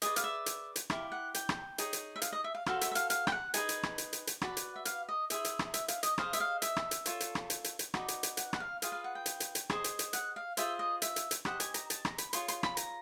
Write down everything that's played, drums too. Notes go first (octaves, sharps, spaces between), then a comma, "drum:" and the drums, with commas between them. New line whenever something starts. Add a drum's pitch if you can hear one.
G#4 B4 D5 D#5, drum: hi-hat
F5, drum: hi-hat
E5
drum: hi-hat
drum: hi-hat
E4 G4 A#4 F5, drum: rim click
F#5
G5, drum: hi-hat
drum: rim click
D#4 G#4 C#5, drum: hi-hat
drum: hi-hat
E5
F5, drum: hi-hat
D#5
E5
F5
F#4 A4 C5 F5, drum: rim click
E5, drum: hi-hat
E5
F5, drum: hi-hat
F5, drum: hi-hat
G5, drum: rim click
F#5
D#4 G#4 B4 G#5, drum: hi-hat
drum: hi-hat
drum: rim click
drum: hi-hat
drum: hi-hat
drum: hi-hat
F#4 B4 D5 F#5, drum: rim click
drum: hi-hat
E5
F5, drum: hi-hat
D#5
E4 G#4 C5 E5, drum: hi-hat
drum: hi-hat
drum: rim click
E5, drum: hi-hat
F5, drum: hi-hat
D#5, drum: hi-hat
G#4 C5 D#5 F5, drum: rim click
E5, drum: hi-hat
F5
E5, drum: hi-hat
drum: rim click
drum: hi-hat
F4 A4 C#5, drum: hi-hat
drum: hi-hat
drum: rim click
drum: hi-hat
drum: hi-hat
drum: hi-hat
D#4 F#4 B4 D5, drum: rim click
drum: hi-hat
drum: hi-hat
F#5, drum: hi-hat
F#5, drum: rim click
F5
F4 G#4 B4 F5, drum: hi-hat
F5
F#5
G5
drum: hi-hat
drum: hi-hat
drum: hi-hat
G#4 C5 D#5, drum: rim click
drum: hi-hat
drum: hi-hat
F#5, drum: hi-hat
F5
F4 G#4 C5 E5, drum: hi-hat
D#5
E5, drum: hi-hat
drum: hi-hat
drum: hi-hat
G4 C5 D#5 F#5, drum: rim click
G#5, drum: hi-hat
A#5, drum: hi-hat
A5, drum: hi-hat
A#5, drum: rim click
B5, drum: hi-hat
F4 G#4 C#5 C6, drum: hi-hat
C6, drum: hi-hat
B5, drum: rim click
A#5, drum: hi-hat